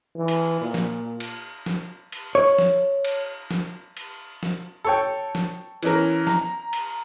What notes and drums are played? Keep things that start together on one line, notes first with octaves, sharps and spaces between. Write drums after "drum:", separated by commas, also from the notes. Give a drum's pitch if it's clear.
E3
drum: cymbal
A#2
drum: snare
drum: cymbal
drum: snare
drum: cymbal
C#5
drum: snare
drum: cymbal
drum: snare
drum: cymbal
drum: snare
A4 C#5 G5
drum: snare
E3 C#4 A#4, drum: cymbal
A#5, drum: snare
drum: cymbal